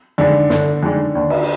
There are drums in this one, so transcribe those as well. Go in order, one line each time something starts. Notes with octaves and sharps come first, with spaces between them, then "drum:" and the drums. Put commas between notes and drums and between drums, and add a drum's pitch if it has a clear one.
F2 D3 D#3 G#3 D4
G1 D3, drum: snare
F2 D#3 G#3 D4
D#2 D3
drum: cymbal